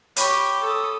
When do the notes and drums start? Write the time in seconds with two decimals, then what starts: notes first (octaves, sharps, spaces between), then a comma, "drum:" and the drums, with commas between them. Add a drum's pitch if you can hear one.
0.16 G4 C#5 G5 B5 C#6, drum: hi-hat
0.61 A4 D#6